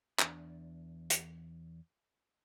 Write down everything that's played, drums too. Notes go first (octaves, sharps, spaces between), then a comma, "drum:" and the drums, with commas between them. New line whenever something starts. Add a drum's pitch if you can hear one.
E2 D4, drum: clap
drum: hi-hat